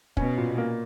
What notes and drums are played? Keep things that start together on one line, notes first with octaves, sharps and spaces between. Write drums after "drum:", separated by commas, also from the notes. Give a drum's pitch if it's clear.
B2 C#4, drum: kick
A#2
A#3